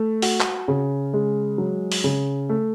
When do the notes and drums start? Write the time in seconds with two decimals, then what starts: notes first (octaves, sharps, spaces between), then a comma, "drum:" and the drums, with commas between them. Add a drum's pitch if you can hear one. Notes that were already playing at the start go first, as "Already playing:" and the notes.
Already playing: A3
0.22 F#4, drum: open hi-hat
0.40 drum: clap
0.68 C#3
1.14 G#3
1.58 F#3
1.92 drum: open hi-hat
2.04 C#3
2.49 A3